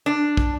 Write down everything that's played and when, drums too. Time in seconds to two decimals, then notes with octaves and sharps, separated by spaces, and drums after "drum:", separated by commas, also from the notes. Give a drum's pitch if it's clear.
0.06 D4
0.37 drum: kick